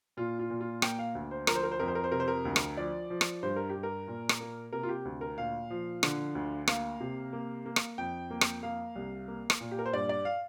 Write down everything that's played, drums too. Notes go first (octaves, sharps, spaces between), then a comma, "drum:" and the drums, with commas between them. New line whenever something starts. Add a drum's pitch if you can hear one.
A#2 F4
F4
A#2
F4
A#3 G5, drum: rim click
F5
D2
C5
F3 A#4, drum: rim click
C5
A#4
C5
F2 A#4
C5
A#4
C5
C3 A#4
C5
A#4
D2
drum: rim click
F3 D5
F3
drum: rim click
G2 C5
A#4
G4
G2
A#4
A#2
drum: rim click
A#3
C3 A#4
F4
G4
D2
A#4
A#2 F5
F3
D3, drum: rim click
D2
A#3 F5, drum: rim click
C3
A#3
A#3
drum: rim click
F2 G5
A#3
drum: rim click
A#3 F5
C2
A#3
drum: rim click
A#2
G4
A#4
C5
G2 D5
D5
F5